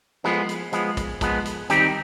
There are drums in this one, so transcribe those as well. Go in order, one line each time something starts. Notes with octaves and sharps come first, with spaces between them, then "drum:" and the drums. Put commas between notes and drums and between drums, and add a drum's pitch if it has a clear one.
F3 G#3 B3, drum: snare
drum: hi-hat
F3 G#3 B3, drum: hi-hat
drum: kick, hi-hat
F3 G#3 B3, drum: kick, hi-hat
drum: hi-hat
D#3 G3 C4 D#4 G4, drum: hi-hat